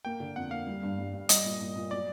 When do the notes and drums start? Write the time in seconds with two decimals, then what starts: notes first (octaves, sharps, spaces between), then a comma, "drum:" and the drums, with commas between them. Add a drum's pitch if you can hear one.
0.05 A#3 G5
0.20 D3
0.36 F2 F#5
0.51 A#3 F5
0.67 G3
0.83 G2
0.98 G3
1.14 G2
1.29 G3 D#5, drum: hi-hat
1.45 A#2
1.61 A#2
1.76 A#2
1.91 F#3 D5